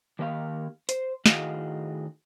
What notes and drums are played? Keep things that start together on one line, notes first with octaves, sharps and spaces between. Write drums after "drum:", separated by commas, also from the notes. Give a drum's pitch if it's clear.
D#3 A#3 G4 E5 F5
C5, drum: hi-hat
A2 D#3 F#4 G#4 D#5 F5, drum: snare